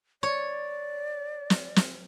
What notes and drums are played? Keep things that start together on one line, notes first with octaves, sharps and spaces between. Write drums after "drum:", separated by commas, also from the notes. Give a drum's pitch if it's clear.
C#5 D5
drum: snare
drum: snare